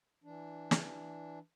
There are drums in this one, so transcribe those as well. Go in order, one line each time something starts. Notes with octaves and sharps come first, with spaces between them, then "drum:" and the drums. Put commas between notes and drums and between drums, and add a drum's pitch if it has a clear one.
E3 D4
drum: snare